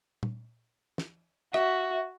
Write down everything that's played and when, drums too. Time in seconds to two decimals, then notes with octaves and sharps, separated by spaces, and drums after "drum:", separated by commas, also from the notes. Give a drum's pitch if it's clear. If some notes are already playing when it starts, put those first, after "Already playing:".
0.23 drum: tom A#2
0.98 drum: snare
1.54 F#4 E5, drum: rim click